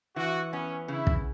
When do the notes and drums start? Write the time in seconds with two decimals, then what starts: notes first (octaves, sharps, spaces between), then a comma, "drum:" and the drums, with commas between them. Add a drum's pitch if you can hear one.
0.16 E3 F#4
0.52 B3 C#4
0.88 C#3 E4
1.07 drum: kick